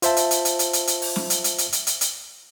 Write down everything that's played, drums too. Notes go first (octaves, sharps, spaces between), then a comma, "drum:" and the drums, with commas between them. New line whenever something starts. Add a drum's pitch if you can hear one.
F4 C5 E5 A5, drum: hi-hat
drum: hi-hat
drum: hi-hat
drum: hi-hat
drum: hi-hat
drum: hi-hat
drum: hi-hat
drum: open hi-hat
drum: snare
drum: hi-hat
drum: hi-hat
drum: hi-hat
drum: hi-hat
drum: hi-hat
drum: hi-hat